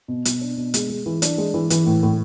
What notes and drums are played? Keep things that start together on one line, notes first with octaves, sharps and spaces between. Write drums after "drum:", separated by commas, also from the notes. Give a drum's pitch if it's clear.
B2
B2, drum: hi-hat
D4
B2
G#3, drum: hi-hat
G#3
E3
D4, drum: hi-hat
G#3
E3
E3, drum: hi-hat
A2
A2